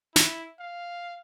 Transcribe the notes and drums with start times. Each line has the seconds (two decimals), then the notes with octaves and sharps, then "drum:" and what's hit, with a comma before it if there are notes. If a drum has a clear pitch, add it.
0.16 E4, drum: snare
0.60 F5